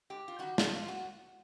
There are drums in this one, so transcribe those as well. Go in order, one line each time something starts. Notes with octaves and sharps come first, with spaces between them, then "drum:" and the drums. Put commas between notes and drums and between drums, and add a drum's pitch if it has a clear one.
G#2 G4
F4
D#3 G3 F#4
F#4, drum: snare
G#2 F4
F#4